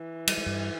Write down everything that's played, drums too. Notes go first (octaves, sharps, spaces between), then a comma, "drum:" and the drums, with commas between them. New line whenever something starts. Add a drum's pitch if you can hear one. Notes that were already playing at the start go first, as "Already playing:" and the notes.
Already playing: E3
G3, drum: cymbal
G#3
G2 G3